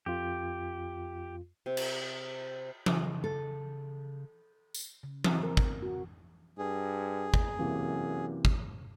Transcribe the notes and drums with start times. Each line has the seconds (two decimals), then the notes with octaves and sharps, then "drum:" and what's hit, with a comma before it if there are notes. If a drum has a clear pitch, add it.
0.06 F2 F4 G4
1.66 C3
1.77 drum: cymbal
2.86 C#3, drum: tom E3
3.24 A4
4.74 drum: tambourine
5.03 C#3
5.24 C4, drum: tom E3
5.43 A#4
5.57 drum: kick
5.82 F#4
6.58 G2 G#4
7.34 drum: kick
7.59 F#2 C3 E3 A#3
8.45 drum: kick